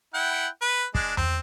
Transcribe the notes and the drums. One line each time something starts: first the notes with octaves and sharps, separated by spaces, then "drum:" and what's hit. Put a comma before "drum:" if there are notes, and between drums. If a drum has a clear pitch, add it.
E4 F#5 G5
B4
G#3 D4, drum: kick
C4, drum: tom E2